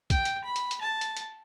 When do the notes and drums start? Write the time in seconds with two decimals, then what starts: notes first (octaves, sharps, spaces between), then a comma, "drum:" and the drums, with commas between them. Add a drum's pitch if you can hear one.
0.10 G5, drum: kick, hi-hat
0.25 drum: hi-hat
0.44 B5
0.56 drum: hi-hat
0.71 drum: hi-hat
0.81 A5
1.01 drum: hi-hat
1.17 drum: hi-hat